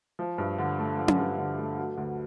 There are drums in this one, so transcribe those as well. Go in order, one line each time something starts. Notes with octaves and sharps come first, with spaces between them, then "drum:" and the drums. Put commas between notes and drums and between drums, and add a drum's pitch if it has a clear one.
F3
G2
D3
A3
F3
drum: tom C#4
G2
D3
A3
F#3
D2